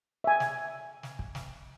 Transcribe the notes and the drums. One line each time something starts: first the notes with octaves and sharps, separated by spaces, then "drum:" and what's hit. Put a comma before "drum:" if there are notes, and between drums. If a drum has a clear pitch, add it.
E5 G#5
drum: snare
drum: snare
drum: kick
drum: snare